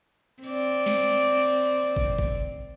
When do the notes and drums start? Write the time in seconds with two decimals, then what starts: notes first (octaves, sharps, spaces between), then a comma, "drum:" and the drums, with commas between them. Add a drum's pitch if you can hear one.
0.42 C4 D5
0.86 drum: snare
1.96 drum: kick
2.19 drum: kick